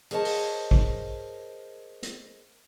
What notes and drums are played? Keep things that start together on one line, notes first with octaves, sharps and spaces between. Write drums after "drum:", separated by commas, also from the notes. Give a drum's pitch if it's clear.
G#4 A#4 C5 C#5 D#5 A5
drum: open hi-hat
drum: kick
drum: hi-hat